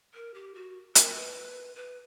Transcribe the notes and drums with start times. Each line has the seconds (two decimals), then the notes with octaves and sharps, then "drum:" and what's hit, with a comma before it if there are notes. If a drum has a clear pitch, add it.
0.15 A#4
0.34 G4
0.55 F#4
0.95 A#4, drum: hi-hat
1.15 B4
1.76 B4